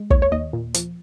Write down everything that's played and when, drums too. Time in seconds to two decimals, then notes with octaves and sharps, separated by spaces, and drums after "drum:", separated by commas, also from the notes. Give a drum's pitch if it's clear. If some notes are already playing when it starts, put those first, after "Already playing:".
Already playing: G#3
0.10 D#2 C#5, drum: kick
0.22 C#5
0.32 D#2 D#5
0.53 A#2
0.74 F3, drum: hi-hat